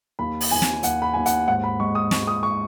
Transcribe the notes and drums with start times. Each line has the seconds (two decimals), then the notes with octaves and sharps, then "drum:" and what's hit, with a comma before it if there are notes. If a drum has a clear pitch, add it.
0.19 D#2 B5
0.41 drum: open hi-hat
0.51 D#2 G#5
0.62 drum: snare
0.83 D#2 F#5, drum: hi-hat
1.02 B5
1.14 D#2 G#5
1.26 F#5, drum: hi-hat
1.48 G#2 F#5
1.63 B5
1.80 G#3 C#6
1.95 D#6
2.11 G#3 C#6, drum: snare
2.27 D#6
2.43 C#6